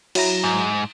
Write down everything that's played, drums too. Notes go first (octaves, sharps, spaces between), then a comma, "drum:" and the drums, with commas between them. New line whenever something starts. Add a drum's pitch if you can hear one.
F#3 E4 A#5, drum: cymbal
G#2